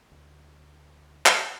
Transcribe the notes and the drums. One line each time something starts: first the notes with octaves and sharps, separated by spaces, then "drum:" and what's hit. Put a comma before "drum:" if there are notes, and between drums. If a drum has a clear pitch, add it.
D2
drum: clap